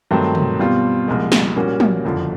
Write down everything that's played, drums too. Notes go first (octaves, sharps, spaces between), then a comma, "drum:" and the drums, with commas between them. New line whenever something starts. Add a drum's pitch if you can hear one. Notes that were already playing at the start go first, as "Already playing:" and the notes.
G2 D#3 F#3 A3 C4
drum: tom
B2 G3 C4 F4
C2 A#2 F3 G#3
drum: snare
A#2 G3 A#3 C#4 F#4
drum: tom
F#1 F2 D3 F3